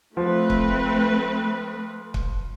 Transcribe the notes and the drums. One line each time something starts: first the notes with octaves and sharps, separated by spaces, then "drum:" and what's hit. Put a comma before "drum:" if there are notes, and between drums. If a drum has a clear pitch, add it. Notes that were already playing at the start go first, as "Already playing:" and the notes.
F3 A3 C4 B4
drum: kick
drum: kick